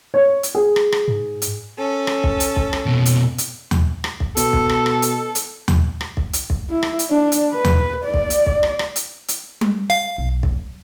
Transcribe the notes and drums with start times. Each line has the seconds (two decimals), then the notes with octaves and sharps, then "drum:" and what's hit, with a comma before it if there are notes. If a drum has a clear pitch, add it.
0.14 C#5
0.43 drum: hi-hat
0.55 G#4
0.76 drum: rim click
0.92 drum: rim click
1.08 G#2
1.42 drum: hi-hat
1.78 C#4 A4
2.07 drum: rim click
2.24 drum: kick
2.40 drum: hi-hat
2.56 drum: kick
2.73 drum: rim click
2.86 F2 B2
3.06 drum: hi-hat
3.38 drum: hi-hat
3.71 drum: tom D#2
4.04 drum: rim click
4.20 drum: kick
4.37 B2 A4, drum: hi-hat
4.53 drum: kick
4.69 drum: rim click
4.86 drum: rim click
5.02 drum: hi-hat
5.35 drum: hi-hat
5.68 drum: tom D#2
6.01 drum: rim click
6.17 drum: kick
6.33 drum: hi-hat
6.50 drum: kick
6.70 E4
6.83 drum: rim click
6.99 drum: hi-hat
7.10 D4
7.32 drum: hi-hat
7.53 B4
7.64 drum: tom D#2
8.04 D5
8.14 drum: kick
8.30 drum: hi-hat
8.46 drum: kick
8.63 drum: rim click
8.79 drum: rim click
8.96 drum: hi-hat
9.28 drum: hi-hat
9.61 drum: tom G3
9.90 F5
10.18 B1
10.43 drum: kick
10.52 F#3